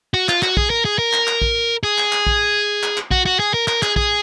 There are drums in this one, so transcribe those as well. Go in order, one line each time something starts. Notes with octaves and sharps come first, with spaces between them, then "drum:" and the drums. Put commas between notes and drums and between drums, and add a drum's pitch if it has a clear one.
F#4
F4, drum: clap
F#4, drum: clap
G#4, drum: kick A#1
A#4
G#4
A#4
drum: clap
drum: clap
drum: kick A#1
G#4
drum: clap
drum: clap
drum: kick A#1
drum: clap
drum: clap
F#4, drum: kick A#1
F#4
G#4
A#4
A#4, drum: clap
G#4, drum: clap
G#4, drum: kick A#1